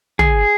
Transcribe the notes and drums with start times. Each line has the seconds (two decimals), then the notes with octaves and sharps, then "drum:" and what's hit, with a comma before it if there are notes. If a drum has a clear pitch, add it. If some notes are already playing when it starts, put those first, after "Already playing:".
0.19 G#4, drum: tom